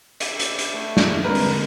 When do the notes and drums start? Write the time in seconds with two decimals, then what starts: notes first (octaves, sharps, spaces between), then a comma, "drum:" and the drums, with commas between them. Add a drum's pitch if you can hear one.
0.20 E4 D5 E5, drum: hi-hat
0.39 drum: hi-hat
0.59 drum: hi-hat
0.73 A3
0.97 drum: snare
1.24 D3 G#3 C4 A#4 B4
1.35 drum: open hi-hat